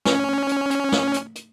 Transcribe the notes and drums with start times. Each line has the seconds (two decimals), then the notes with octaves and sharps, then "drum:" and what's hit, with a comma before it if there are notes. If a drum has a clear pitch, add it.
0.06 C#4, drum: snare
0.49 drum: hi-hat
0.70 drum: hi-hat
0.92 drum: snare
1.14 drum: hi-hat
1.35 drum: hi-hat